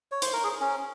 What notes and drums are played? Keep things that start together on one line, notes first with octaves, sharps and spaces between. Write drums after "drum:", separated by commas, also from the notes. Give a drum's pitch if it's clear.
C#5
C5, drum: hi-hat
A#4
G#4
C#4